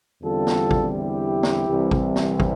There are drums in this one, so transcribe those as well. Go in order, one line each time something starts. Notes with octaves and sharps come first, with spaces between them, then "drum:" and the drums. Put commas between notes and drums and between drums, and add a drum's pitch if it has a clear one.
E2 D3 G3 C4 F4 A4
drum: snare
drum: kick
E4 G4
drum: snare
C2 C3 E3 G3
drum: kick
drum: snare
drum: kick